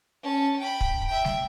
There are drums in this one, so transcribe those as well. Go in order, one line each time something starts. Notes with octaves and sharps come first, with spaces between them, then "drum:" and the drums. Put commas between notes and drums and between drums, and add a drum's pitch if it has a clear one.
C#4 A5
G5 B5
drum: kick
E5 G5
drum: snare G3